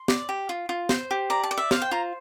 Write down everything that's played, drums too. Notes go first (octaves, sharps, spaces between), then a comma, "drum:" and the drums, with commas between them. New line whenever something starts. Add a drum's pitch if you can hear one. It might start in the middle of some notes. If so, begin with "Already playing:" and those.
Already playing: C6
D5, drum: snare
G4
F4
F4
C5, drum: snare
G4
D5 A#5
A5
D5
E5
C5 F5, drum: snare
G5
F4 A#5